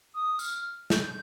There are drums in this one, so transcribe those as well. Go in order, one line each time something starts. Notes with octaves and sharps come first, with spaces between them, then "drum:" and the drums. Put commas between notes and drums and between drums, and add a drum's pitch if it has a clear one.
D#6
F6, drum: tambourine
G6, drum: snare